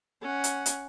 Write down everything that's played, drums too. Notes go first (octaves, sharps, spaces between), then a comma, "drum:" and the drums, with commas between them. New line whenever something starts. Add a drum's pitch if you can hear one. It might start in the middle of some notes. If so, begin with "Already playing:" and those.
C#4 F#5
drum: hi-hat
drum: hi-hat